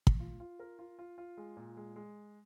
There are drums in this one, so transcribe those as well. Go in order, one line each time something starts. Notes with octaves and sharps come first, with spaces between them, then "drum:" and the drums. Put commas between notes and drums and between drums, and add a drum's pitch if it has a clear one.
drum: kick
F4
F4
A#4
F4
F4
F4
G#3
A#2
G#3
G#3